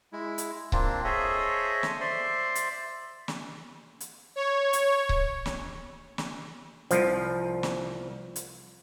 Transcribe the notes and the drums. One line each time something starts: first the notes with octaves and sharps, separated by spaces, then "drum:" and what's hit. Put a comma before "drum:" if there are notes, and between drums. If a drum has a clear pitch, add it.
G#3 E4
drum: hi-hat
A#3 C4 D4 F4, drum: kick C#1
G#4 A4 C5 C#5 D#5 E5
drum: snare
C5 D5 E5 C6
drum: hi-hat
drum: snare
drum: hi-hat
C#5
drum: hi-hat
drum: kick C#1
drum: snare
drum: snare
C2 F3, drum: hi-hat
drum: snare
drum: hi-hat